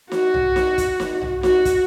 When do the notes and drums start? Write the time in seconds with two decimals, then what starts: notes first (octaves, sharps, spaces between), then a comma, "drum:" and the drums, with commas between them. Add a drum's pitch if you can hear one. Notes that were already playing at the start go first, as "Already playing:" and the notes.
0.12 F#4, drum: snare
0.34 drum: tom
0.56 drum: snare
0.78 drum: kick, hi-hat
1.00 drum: snare
1.22 drum: tom
1.43 F#4, drum: snare
1.65 drum: kick, hi-hat